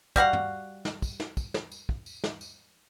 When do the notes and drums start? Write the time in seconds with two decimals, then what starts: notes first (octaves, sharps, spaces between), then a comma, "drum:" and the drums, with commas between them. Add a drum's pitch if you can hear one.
0.16 G3 F#4 F5 F#5, drum: kick
0.33 drum: tom
0.85 drum: snare
1.02 drum: kick, tambourine
1.20 drum: snare
1.37 drum: kick, tambourine
1.54 drum: snare
1.72 drum: tambourine
1.89 drum: kick
2.06 drum: tambourine
2.24 drum: snare
2.41 drum: tambourine